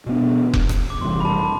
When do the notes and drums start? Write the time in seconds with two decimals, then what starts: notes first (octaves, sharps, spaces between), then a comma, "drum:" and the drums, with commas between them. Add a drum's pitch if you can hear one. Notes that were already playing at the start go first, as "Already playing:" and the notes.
0.06 B2 B3 D4
0.54 drum: kick F1
0.69 drum: rim click
0.90 D6
1.01 F2 C3 E3 G3 C6
1.20 B5
1.25 A5